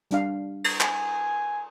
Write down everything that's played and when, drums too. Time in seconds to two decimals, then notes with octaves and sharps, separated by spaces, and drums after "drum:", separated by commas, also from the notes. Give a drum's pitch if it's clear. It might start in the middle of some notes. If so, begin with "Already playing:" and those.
0.11 G3 D4 F5, drum: hi-hat
0.64 drum: cymbal
0.80 G#5, drum: clap